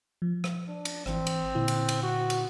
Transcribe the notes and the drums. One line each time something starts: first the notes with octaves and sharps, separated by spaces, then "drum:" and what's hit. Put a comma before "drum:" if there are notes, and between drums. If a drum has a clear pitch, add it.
F3
drum: rim click
D4
drum: cymbal
G#1 E3 C4, drum: rim click
drum: cymbal
A#2 D3 E4
drum: cymbal
drum: cymbal
F#4
drum: cymbal